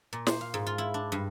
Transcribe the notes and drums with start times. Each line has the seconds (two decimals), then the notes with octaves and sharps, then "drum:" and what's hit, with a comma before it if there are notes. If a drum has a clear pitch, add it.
0.13 A#2
0.27 C5, drum: snare
0.41 F5
0.54 G#2
0.66 F4
0.78 E4
0.94 D4
1.12 G2